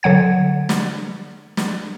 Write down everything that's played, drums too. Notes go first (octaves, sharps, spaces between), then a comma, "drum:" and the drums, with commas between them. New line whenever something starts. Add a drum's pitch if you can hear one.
D3 F#3 F#5 G#6
drum: snare
drum: snare